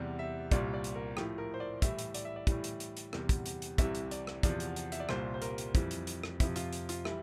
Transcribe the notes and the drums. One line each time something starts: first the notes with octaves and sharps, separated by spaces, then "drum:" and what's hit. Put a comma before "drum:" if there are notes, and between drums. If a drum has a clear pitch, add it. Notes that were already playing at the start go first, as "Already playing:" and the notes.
Already playing: E2 C3 G3 D5
E5
C2 A#2 G3 D5, drum: kick, hi-hat
D5
drum: hi-hat
A#4
A2 F3 G4, drum: rim click
A#4
C5
D5
A2 E3 G3 E5, drum: kick, hi-hat
drum: hi-hat
D5, drum: hi-hat
E5
D5
A2 E3 G3, drum: kick, hi-hat
drum: hi-hat
drum: hi-hat
drum: hi-hat
E2 C3 G3, drum: rim click
drum: kick, hi-hat
drum: hi-hat
drum: hi-hat
C2 C3 E3 G3 E5, drum: kick, hi-hat
drum: hi-hat
D5, drum: hi-hat
drum: rim click
E2 C3 F3 D5, drum: kick, hi-hat
drum: hi-hat
drum: hi-hat
E5, drum: hi-hat
D5
C2 A#2 G3 C5, drum: rim click
C5
A#4, drum: hi-hat
drum: hi-hat
F2 E3 G3, drum: kick, hi-hat
drum: hi-hat
drum: hi-hat
drum: rim click
F2 C3 F3 E4, drum: kick, hi-hat
F4, drum: hi-hat
drum: hi-hat
F4, drum: hi-hat
E3 G3 E4, drum: rim click